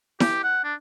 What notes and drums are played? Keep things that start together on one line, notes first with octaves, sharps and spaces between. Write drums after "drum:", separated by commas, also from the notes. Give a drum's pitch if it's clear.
G4, drum: snare E4
F#5
D4